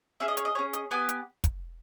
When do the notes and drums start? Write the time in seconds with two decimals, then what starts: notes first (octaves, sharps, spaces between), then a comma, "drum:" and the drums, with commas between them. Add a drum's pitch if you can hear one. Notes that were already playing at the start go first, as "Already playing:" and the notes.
0.20 C#4 G#4 E5
0.28 D#5
0.37 C#5, drum: hi-hat
0.45 D#5
0.55 C#4 G#4 C#5
0.73 D#5, drum: hi-hat
0.91 B3 G4 G#5
1.09 drum: hi-hat
1.44 drum: kick, hi-hat